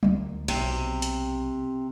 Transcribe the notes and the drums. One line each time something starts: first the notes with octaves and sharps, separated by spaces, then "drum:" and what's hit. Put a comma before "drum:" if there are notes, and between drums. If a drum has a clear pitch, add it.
D2 D#3, drum: tom F#3
B1 C3, drum: cymbal
drum: hi-hat